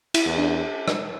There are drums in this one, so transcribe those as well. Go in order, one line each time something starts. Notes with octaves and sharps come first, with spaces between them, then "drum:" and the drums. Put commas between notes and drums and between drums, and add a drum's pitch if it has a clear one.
E4, drum: cymbal
E2
D4
drum: rim click